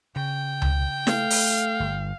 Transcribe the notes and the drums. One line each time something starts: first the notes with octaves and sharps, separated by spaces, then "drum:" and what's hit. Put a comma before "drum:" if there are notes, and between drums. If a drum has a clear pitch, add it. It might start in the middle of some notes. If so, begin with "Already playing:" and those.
C#3 G5
drum: tom C#2
A3 F5, drum: snare
drum: open hi-hat
G1